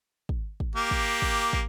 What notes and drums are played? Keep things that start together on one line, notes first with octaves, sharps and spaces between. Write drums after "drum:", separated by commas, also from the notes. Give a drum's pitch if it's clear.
drum: kick
drum: kick
A#3 G4
drum: kick
drum: kick
drum: kick